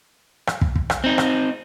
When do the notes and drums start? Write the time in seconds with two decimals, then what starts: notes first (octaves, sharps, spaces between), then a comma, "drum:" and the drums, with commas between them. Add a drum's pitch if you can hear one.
0.47 drum: rim click
0.61 drum: kick
0.76 drum: kick
0.90 drum: rim click
1.04 C4 D#4
1.18 drum: rim click